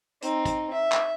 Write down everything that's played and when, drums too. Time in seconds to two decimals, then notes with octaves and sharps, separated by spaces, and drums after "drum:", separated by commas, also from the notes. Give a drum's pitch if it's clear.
0.22 C4 D#4, drum: hi-hat
0.45 drum: kick, hi-hat
0.73 E5
0.92 drum: clap